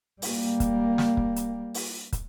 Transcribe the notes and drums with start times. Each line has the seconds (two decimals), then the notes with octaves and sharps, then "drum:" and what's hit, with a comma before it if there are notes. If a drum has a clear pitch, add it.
0.22 G3 A#3, drum: open hi-hat
0.60 drum: kick, hi-hat
0.98 drum: snare
1.17 drum: kick
1.36 drum: hi-hat
1.74 drum: open hi-hat
2.13 drum: kick, hi-hat